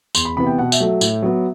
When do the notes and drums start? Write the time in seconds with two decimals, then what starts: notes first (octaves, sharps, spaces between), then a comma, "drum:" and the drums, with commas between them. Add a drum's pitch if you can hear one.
0.15 E2 C6, drum: tambourine
0.25 B5
0.36 C3 E3 B3 B5
0.47 G5
0.58 B2 F#5
0.72 E5, drum: tambourine
0.80 F#3 A3
0.87 E5
1.01 A2, drum: tambourine
1.22 F#3 B3